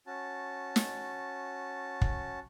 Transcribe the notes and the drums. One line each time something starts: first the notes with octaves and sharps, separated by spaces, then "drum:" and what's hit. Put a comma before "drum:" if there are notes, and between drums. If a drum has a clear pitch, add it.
C#4 F#4 A5
drum: snare
drum: kick